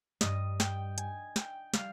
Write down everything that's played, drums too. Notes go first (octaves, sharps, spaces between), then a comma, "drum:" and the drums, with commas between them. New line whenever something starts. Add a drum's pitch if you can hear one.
G2 G3 D#5, drum: snare
G5, drum: snare
G#5, drum: hi-hat
G5, drum: snare
G3 F5, drum: snare